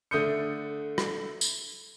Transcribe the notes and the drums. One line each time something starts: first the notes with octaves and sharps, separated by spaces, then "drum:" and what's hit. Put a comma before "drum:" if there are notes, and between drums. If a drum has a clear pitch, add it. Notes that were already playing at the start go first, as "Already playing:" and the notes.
D3 A3 D#6 G6 C#7
drum: rim click
drum: tambourine